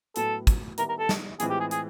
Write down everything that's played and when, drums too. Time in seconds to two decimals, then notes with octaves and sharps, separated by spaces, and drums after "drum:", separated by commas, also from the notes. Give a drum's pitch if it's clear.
0.16 A2 F#3 B3 A4, drum: hi-hat
0.47 drum: kick, hi-hat
0.78 D#3 G3 B3 E4 A#4, drum: hi-hat
0.89 A#4
0.99 A4
1.09 drum: snare
1.40 A2 E3 G#3 C4 F4 G#4, drum: hi-hat
1.50 G4
1.60 G#4
1.71 G#4, drum: hi-hat